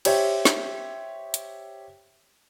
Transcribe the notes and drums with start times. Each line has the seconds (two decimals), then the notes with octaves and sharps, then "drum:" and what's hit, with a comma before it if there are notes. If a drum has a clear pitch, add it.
0.05 G4 C5 C#5 E5, drum: cymbal
0.45 drum: snare
1.34 drum: hi-hat